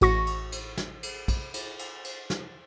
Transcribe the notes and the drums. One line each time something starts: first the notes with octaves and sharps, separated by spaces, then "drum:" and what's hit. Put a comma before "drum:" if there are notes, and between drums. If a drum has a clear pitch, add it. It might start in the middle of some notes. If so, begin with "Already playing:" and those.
A1 F#4 C#6 A#6, drum: cymbal
drum: cymbal
drum: cymbal
drum: snare
drum: cymbal
drum: kick, cymbal
drum: cymbal
drum: cymbal
drum: cymbal
drum: snare